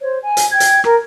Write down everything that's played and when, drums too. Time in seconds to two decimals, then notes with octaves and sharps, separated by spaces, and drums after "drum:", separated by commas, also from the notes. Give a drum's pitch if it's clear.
0.02 C5 C#5
0.21 G#5
0.37 drum: hi-hat
0.51 G5 G#6
0.60 drum: hi-hat
0.84 A#4, drum: rim click